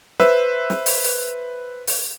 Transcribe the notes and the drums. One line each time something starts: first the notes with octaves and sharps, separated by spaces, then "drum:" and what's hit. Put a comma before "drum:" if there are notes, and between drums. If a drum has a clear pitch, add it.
B4 C5 E5 E6, drum: snare
drum: snare
drum: open hi-hat
drum: open hi-hat
drum: open hi-hat